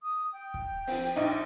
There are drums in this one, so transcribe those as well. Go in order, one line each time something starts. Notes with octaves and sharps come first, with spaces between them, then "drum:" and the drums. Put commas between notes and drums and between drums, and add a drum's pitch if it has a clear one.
D#6
G5
drum: kick
F3 C4, drum: open hi-hat
A#1 D#4